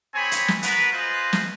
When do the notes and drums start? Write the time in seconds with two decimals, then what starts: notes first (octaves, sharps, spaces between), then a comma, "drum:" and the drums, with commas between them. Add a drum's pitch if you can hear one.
0.15 C4 G#4 C#5 G#5 B5
0.31 drum: hi-hat
0.48 drum: snare
0.63 B3 F#4 A#4 B4, drum: hi-hat
0.93 F4 G#4 B4 C5 D#5
1.33 drum: snare